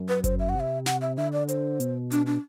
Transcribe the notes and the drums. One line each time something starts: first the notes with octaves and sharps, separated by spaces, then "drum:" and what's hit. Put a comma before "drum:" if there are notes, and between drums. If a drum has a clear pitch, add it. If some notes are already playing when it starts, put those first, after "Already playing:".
Already playing: F#2
B4
C5, drum: kick G1, hi-hat
E5
F#5
C3
E5
F#5, drum: snare
E5
D3 E5
D5
C5, drum: hi-hat
B2, drum: hi-hat
D4, drum: hi-hat
D4